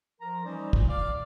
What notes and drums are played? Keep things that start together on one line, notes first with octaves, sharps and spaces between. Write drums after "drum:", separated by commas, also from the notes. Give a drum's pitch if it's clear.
F3 A#4 A#5
E3 G3 C#4 D#4 C5 D5
A#2, drum: kick
D5 F5